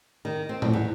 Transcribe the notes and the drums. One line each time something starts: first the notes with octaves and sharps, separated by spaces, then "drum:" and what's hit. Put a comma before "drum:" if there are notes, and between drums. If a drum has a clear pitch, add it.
D#3
C4
A2, drum: tom A#2
E2